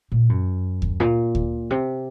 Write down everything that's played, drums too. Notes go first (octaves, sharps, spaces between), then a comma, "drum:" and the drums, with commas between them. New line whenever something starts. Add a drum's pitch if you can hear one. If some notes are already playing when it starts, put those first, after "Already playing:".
A#2
F#2
drum: kick D2
A#2
drum: kick D2
C3